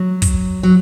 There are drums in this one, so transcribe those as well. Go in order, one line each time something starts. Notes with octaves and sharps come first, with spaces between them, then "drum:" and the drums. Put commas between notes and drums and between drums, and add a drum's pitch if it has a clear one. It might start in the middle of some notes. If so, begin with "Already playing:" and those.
Already playing: F#3
drum: kick, hi-hat
F#3